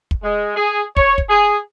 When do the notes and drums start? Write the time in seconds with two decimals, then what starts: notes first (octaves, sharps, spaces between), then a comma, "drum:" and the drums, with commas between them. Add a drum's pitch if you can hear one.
0.11 drum: kick
0.24 G#3
0.57 G#4
0.97 C#5, drum: kick
1.18 drum: kick
1.30 G#4